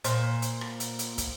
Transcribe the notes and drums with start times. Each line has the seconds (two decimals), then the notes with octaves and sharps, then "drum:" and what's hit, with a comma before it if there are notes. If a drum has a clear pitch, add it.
0.04 A#2 C5, drum: hi-hat
0.42 drum: hi-hat
0.61 drum: rim click
0.80 drum: hi-hat
0.99 drum: hi-hat
1.18 drum: kick, hi-hat